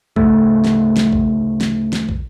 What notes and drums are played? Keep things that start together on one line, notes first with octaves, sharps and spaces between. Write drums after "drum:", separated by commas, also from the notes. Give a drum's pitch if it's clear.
D2 G#2 C#3 A3, drum: kick
drum: snare
drum: snare
drum: kick
drum: snare
drum: snare
drum: kick